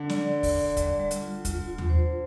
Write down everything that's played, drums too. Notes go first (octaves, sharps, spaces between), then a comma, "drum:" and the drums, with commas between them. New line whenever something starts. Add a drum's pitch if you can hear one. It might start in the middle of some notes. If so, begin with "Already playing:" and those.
Already playing: D3
D5, drum: snare
D5
drum: kick, open hi-hat
D5
G3, drum: kick, hi-hat
G3
drum: hi-hat
F4
F4, drum: kick, hi-hat
F4
drum: tom D#2
C5